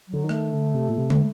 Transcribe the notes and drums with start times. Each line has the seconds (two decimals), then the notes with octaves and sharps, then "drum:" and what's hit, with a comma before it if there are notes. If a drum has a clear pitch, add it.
0.08 F#3
0.13 D3
0.23 D#3
0.29 A3, drum: rim click
0.52 D3
0.74 C3
0.89 A#2
0.97 C3
1.10 D3, drum: tom